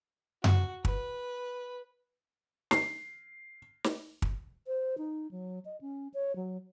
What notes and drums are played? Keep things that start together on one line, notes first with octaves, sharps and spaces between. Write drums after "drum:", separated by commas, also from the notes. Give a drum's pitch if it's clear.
F#4, drum: tom F#2
B4, drum: kick
C7, drum: snare
drum: snare
drum: kick
C5
D#4
F#3
D#5
C#4
C#5
F#3